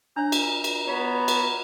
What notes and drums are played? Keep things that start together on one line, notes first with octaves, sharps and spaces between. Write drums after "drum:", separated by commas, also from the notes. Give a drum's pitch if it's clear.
D4 C#5 A#5
drum: cymbal
drum: cymbal
B3 G4 C#5 B5
drum: cymbal